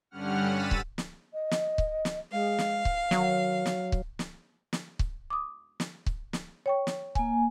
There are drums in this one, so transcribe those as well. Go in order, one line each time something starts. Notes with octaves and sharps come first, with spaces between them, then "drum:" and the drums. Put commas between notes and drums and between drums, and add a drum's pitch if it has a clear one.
G2 D3 G3 C#4 F#5 F6
E6 A6 B6 D#7
drum: kick C#1
drum: snare
D#5
drum: snare
drum: kick C#1
drum: snare
G#3 F5
drum: snare
drum: kick C#1
D#3 F#3, drum: snare
drum: snare
drum: kick C#1
drum: snare
drum: snare
drum: kick C#1
D6 D#6
drum: snare
drum: kick C#1
drum: snare
C#5 G5 C#6
drum: snare
A#3 G#5, drum: kick C#1